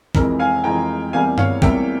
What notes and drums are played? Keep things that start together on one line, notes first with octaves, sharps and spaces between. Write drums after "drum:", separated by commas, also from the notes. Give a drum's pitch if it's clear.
F2 C3 E3 G#3 A#4, drum: kick
F5 G#5
F2 C3 E3 G#3 G5 A#5
E2 C3 G3 A#3 F5 G#5
C#5 F5, drum: tom G2
E2 C3 G3 A#3 E5 G5, drum: kick